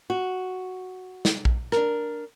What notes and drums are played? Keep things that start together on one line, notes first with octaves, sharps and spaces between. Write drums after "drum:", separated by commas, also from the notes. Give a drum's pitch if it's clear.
F#4
drum: snare
drum: kick A#1
D4 A#4, drum: rim click